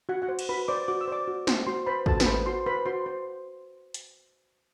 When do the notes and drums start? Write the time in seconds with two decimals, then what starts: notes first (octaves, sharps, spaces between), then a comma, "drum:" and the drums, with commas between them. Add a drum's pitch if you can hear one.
0.09 F#4 F#5
0.22 F#4 F#5
0.29 C5
0.39 drum: cymbal
0.49 F#4 B4 B5
0.68 C5 D5 D6
0.88 F#4 D6
1.01 E6
1.08 C5 D5 D6
1.28 F#4
1.47 C5, drum: snare
1.67 F#4 C5 C6
1.87 B4 C5 B5
2.06 F#4 A4 A5, drum: kick
2.20 B4 B5, drum: snare
2.27 C5
2.46 F#4 C5 C6
2.66 B4 C5 B5
2.86 F#4 C5 C6
3.06 C5
3.94 drum: hi-hat